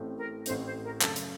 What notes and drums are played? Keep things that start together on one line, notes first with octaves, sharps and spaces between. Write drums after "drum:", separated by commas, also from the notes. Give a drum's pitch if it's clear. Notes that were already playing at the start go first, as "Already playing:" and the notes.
Already playing: A1 A2 A3 C4
A#4
A1 A2 A3 C4 C5, drum: hi-hat
C5
A#4
F#2 C#3 A3 A4, drum: clap
drum: hi-hat